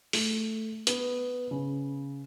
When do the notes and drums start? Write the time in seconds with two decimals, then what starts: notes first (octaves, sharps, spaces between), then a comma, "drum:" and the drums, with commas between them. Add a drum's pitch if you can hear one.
0.13 A3, drum: open hi-hat
0.87 B3, drum: hi-hat
1.51 C#3